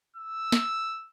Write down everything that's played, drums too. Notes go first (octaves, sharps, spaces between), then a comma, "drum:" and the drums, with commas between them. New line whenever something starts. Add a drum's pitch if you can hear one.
E6
drum: snare